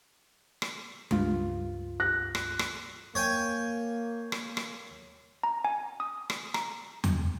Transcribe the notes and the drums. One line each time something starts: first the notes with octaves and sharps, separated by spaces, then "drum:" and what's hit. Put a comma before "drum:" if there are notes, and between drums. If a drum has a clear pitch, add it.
drum: rim click
C#2 G2 F4, drum: tom G3
F#6 A#6
drum: rim click
drum: rim click
A#3 C#5 G5 G#5
drum: rim click
drum: rim click
A#5
G#5
D#6
drum: rim click
A#5, drum: rim click
drum: tom E2